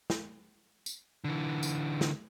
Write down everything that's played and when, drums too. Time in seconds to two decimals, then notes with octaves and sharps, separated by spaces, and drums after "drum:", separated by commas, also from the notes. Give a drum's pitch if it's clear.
0.10 drum: snare
0.86 drum: tambourine
1.24 D3 E3
1.63 drum: tambourine
2.01 drum: snare